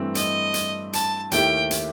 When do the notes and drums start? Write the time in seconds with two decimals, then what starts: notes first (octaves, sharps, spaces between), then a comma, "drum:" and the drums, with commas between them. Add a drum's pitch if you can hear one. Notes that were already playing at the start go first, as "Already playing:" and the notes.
Already playing: G2 E3 A3 C4
0.15 D#5, drum: hi-hat
0.54 drum: hi-hat
0.93 A5, drum: hi-hat
1.31 D#2 D#3 A3 E4 G4 G5, drum: hi-hat
1.71 drum: hi-hat